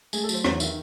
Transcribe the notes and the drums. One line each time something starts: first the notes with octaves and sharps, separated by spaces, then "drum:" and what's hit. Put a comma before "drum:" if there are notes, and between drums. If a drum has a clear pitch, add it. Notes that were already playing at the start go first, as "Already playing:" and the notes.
A3 G#4, drum: tambourine
A4
F#3 C5, drum: tambourine
E2 C#5, drum: rim click
D#3 E5, drum: tambourine